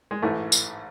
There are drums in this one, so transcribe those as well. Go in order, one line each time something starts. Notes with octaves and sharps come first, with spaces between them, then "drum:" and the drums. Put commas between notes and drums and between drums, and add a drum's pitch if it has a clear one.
G#3
A1 G#2 E3 A3
drum: tambourine